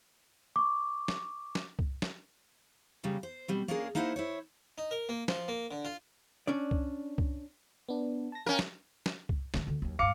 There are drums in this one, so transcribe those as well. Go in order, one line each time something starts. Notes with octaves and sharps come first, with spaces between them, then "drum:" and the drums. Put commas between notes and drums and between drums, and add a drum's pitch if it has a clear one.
C#6 D6
drum: snare
drum: snare
drum: kick C2
drum: snare
C#3 G3 A#3 C#4
C5
B2 G3 C4
A#3 C#4 D4 F4 G#4 A#4
A#3 D#4 E4 C5 C#5 F#5
E4 C5 C#5
D#4
A#4
A#3
F3, drum: snare
A#3
D3
F4
C#4 D4 D5
drum: kick C2
drum: kick C2
B3 D4
A5 A#6
C#4 A#4 F5 G5
drum: snare
drum: snare
drum: kick C2
D#3 D4, drum: snare
D2 D3
D#2 F#3
A1 G2 F5 D6 C#7